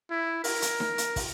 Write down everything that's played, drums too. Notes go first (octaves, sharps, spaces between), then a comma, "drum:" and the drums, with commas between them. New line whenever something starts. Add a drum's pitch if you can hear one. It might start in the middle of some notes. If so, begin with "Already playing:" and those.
E4
A#4, drum: open hi-hat
drum: hi-hat
drum: snare D#4
drum: hi-hat
drum: kick, open hi-hat